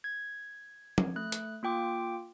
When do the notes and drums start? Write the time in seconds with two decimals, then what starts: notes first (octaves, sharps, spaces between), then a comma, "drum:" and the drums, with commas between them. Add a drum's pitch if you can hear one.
0.04 G#6
0.98 drum: tom F3
1.16 A3 F#6
1.32 drum: hi-hat
1.63 A#3 F4 G5 D6